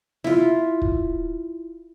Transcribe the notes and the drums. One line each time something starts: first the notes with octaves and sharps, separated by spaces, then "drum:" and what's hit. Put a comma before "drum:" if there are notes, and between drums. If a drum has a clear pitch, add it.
E4 F4, drum: snare
drum: kick